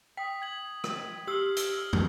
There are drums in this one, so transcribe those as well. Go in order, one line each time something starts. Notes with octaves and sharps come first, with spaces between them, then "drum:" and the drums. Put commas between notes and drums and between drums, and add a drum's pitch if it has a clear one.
G5 D#6 B6
G#6 F#7
drum: rim click
G4 E6 F6 C7 F#7
G7, drum: hi-hat
drum: tom